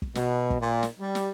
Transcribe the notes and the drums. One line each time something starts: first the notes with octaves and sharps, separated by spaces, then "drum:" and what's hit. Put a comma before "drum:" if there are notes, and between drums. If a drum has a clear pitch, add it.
drum: kick
B2, drum: snare
drum: kick
A#2
drum: snare
G3
drum: snare